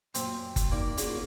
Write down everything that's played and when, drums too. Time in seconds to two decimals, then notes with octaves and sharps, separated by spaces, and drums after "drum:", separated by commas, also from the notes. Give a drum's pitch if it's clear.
0.14 F#2 A#2 C4, drum: hi-hat
0.56 drum: kick F#1, hi-hat
0.72 A#3 D#4 D5
0.98 A#3 C#4 F4 F#4 G#4, drum: hi-hat